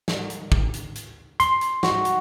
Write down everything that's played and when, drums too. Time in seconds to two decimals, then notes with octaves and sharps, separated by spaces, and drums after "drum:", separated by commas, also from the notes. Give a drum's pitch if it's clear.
0.08 drum: snare
0.30 drum: hi-hat
0.52 drum: kick
0.74 drum: hi-hat
0.95 drum: hi-hat
1.40 C6, drum: hi-hat
1.61 drum: hi-hat
1.83 F#4, drum: snare
2.05 drum: hi-hat